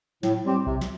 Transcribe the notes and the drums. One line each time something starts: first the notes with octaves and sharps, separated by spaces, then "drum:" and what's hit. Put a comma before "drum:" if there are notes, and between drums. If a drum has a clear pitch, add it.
A2, drum: snare
G3 C4 G4
C3, drum: kick A#1
drum: snare